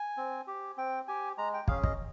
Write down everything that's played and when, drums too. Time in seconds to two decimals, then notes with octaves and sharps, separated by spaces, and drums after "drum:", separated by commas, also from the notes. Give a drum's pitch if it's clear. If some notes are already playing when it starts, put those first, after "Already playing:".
Already playing: G#5
0.17 C4
0.47 G4
0.77 C4 G5
1.08 G4 G#5
1.38 G#3 A#5
1.54 G5
1.68 C#4 G#4 F5, drum: kick
1.84 D#5, drum: kick